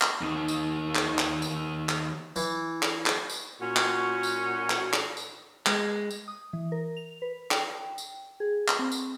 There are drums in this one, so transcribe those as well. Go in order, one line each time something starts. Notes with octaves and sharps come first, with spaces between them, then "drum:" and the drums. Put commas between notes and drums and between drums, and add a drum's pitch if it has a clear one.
drum: clap
D#2 D#3
drum: tambourine
drum: clap
drum: clap
drum: tambourine
drum: clap
E3, drum: tambourine
drum: clap
drum: clap
drum: tambourine
A#2 C#4 F#4
drum: clap
drum: tambourine
drum: clap
drum: clap
drum: tambourine
G#3, drum: clap
drum: tambourine
D#6
E3
A#4
F7
B4
G5, drum: clap
drum: tambourine
G#4
drum: clap
C4
drum: tambourine